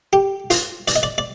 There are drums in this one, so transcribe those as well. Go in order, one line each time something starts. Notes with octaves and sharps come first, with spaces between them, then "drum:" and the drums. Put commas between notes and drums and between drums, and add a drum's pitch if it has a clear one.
G4
F4, drum: hi-hat
D5, drum: hi-hat
D#5
D5
D5